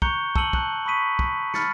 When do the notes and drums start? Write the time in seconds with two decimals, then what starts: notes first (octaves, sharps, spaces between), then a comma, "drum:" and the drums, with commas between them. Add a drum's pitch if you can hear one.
0.02 A#5 C#6 F#6 G6 C#7 G7, drum: kick
0.36 A5 E6 C#7 D#7 F#7 G7, drum: kick
0.53 A5 F#6, drum: kick
0.85 B5 C#6 D#6 B6 D#7
1.19 drum: kick
1.54 B5 F6 A6 C#7, drum: snare